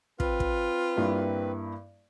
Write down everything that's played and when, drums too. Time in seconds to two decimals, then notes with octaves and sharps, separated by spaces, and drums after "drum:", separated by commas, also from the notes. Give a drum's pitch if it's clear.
0.20 C4 F4 B4, drum: kick
0.40 drum: kick
0.97 G2 A#3 E4